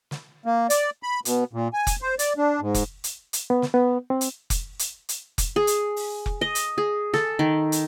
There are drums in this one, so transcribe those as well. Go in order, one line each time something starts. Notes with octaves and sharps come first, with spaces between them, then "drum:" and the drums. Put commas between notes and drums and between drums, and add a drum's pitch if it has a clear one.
drum: snare
A#3
D5, drum: hi-hat
B5
B2, drum: hi-hat
A#2
G#5
drum: kick F1, hi-hat
C5
D5, drum: hi-hat
D4
G#2
drum: kick F1, hi-hat
drum: hi-hat
drum: hi-hat
B3
drum: snare
B3
C4
drum: hi-hat
drum: kick F1, hi-hat
drum: hi-hat
drum: hi-hat
drum: kick F1, hi-hat
G#4
drum: hi-hat
drum: open hi-hat
drum: kick F1
D#5
drum: hi-hat
G#4
A4, drum: snare
D#3
drum: hi-hat